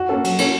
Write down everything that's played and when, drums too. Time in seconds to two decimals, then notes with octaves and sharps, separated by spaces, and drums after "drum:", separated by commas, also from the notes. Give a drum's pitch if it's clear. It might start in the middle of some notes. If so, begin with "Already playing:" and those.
Already playing: F#4
0.09 A#3 C#4 A4
0.24 F#3, drum: cymbal
0.38 A#3 C#4 A4, drum: cymbal